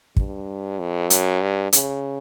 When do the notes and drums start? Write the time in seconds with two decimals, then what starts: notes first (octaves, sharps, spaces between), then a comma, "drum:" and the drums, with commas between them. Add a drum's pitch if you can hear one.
0.17 G2, drum: kick
0.79 F2
1.10 F#2, drum: hi-hat
1.42 G2
1.73 C#3, drum: hi-hat